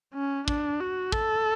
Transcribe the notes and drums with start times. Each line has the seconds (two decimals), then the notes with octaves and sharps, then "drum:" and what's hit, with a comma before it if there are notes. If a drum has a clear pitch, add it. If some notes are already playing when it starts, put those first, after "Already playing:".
0.14 C#4
0.48 D4, drum: kick
0.80 F#4
1.12 A4, drum: kick